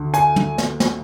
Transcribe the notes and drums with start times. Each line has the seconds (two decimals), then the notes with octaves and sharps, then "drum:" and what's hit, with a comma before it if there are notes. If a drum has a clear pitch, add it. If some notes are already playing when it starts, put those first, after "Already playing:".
Already playing: D2 D3
0.14 G#5, drum: hi-hat
0.36 drum: tom
0.58 drum: snare
0.80 drum: snare